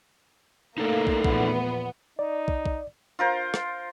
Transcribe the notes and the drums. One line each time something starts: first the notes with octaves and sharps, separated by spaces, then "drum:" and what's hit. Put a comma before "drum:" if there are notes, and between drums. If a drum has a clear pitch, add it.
A3 A#3 D#4 A4 A#4
drum: kick
E2 A#2 F3 B3, drum: kick
D#4 D5
drum: kick
drum: kick
F4 A#4 C5
drum: rim click